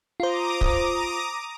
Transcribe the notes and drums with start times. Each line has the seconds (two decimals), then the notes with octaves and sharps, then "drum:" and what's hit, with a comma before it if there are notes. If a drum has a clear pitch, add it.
0.20 F4 C5 A#5 D6 D#6
0.61 drum: kick